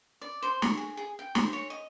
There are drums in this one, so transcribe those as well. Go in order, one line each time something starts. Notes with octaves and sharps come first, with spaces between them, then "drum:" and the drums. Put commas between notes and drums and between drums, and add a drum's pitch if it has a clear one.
D5
C5
C#6, drum: snare
G#4
G#4
G5
C5, drum: snare
C#5
D#5